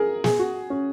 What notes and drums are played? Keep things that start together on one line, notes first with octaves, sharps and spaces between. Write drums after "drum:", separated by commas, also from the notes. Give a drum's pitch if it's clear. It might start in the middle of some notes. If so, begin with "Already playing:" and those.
Already playing: G#4 A#4
G#4, drum: snare
F#4
C#4